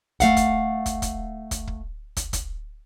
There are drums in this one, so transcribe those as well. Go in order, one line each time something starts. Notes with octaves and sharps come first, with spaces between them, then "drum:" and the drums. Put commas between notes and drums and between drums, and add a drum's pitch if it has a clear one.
A3 F5 F#5, drum: kick, hi-hat
drum: kick, hi-hat
drum: kick, hi-hat
drum: kick, hi-hat
drum: kick, hi-hat
drum: kick
drum: kick, hi-hat
drum: kick, hi-hat